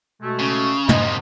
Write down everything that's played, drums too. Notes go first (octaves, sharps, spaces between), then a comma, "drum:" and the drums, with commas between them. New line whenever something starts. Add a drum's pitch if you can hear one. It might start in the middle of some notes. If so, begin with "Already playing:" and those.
B2 G#3 A3
C#3
E3 F3 D#5, drum: tom
D#2 C3